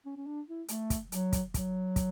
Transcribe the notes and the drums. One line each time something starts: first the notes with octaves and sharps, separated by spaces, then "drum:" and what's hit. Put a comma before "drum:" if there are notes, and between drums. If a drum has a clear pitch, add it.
C#4
C#4
D4
E4
A3, drum: hi-hat
drum: kick, hi-hat
F#3, drum: hi-hat
drum: kick, hi-hat
F#3, drum: kick, hi-hat
drum: kick, hi-hat